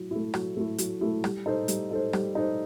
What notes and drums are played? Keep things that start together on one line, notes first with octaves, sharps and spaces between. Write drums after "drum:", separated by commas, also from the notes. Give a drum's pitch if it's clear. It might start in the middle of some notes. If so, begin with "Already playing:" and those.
Already playing: F#3 E4
A3 E4
F#3, drum: rim click
A3 E4
F#3, drum: hi-hat
A3 E4
G3, drum: rim click
D#4 A4 C5
G3, drum: hi-hat
D#4 A4 C5
G3, drum: rim click
D#4 A4 C5